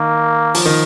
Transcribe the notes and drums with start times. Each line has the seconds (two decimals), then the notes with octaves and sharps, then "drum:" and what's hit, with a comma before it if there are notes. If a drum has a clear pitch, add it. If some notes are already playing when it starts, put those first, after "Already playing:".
Already playing: D#3 A#3
0.55 F3, drum: open hi-hat
0.66 D#3